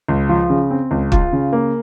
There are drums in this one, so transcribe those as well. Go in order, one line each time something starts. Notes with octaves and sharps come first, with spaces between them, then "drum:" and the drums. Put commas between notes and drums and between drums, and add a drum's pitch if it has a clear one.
C#2
F3
C#3
C4
C#2
F4, drum: kick
C#3
A#3